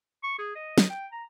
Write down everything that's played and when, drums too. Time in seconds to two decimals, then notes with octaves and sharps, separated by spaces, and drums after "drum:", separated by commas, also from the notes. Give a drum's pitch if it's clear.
0.24 C#6
0.38 G#4
0.55 D#5
0.78 drum: snare
0.90 G5
1.12 A#5